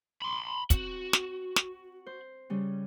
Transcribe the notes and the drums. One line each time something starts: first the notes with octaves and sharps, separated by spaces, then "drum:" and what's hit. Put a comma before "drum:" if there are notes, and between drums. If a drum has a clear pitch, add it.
B5 C6
C4 F#4, drum: kick, hi-hat
drum: snare
drum: snare
C5
C#3 G3 C#4